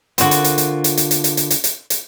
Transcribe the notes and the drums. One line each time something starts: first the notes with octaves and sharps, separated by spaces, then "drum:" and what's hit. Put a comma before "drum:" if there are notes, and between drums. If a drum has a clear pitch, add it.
D3 C4 F4 F#4 A#4, drum: hi-hat
drum: hi-hat
drum: hi-hat
drum: hi-hat
drum: hi-hat
drum: hi-hat
drum: hi-hat
drum: hi-hat
drum: hi-hat
drum: hi-hat
drum: hi-hat
drum: hi-hat